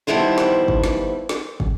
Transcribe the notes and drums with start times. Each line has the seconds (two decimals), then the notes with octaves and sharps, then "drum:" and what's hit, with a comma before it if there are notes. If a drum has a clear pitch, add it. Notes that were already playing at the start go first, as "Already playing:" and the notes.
0.07 D#3 F3 G3 B3 E4 C5
0.38 drum: snare
0.68 drum: kick
0.84 drum: snare
1.29 drum: snare
1.60 drum: kick